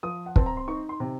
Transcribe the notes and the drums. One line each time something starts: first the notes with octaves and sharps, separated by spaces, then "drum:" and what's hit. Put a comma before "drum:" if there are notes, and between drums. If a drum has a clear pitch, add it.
F3 D#6
F#5
C4 A5, drum: kick
A#5
C6
D#4 C#6
C6
C3